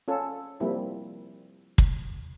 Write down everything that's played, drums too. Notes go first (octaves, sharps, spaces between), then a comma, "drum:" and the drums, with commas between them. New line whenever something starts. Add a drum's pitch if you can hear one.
C#4 F4 A4
F3 G3 A#3 C4 E4
drum: kick